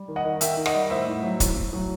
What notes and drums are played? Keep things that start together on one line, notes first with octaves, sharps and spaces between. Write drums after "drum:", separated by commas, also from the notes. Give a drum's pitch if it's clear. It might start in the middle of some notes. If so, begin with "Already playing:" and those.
Already playing: G3
D#3
D#5 F#5
D#3
D#3 E5 G5, drum: hi-hat
D#3
D#5 F#5, drum: rim click
G3
A2 C5 E5
A2
F#3
A2, drum: kick, hi-hat
A2
F#3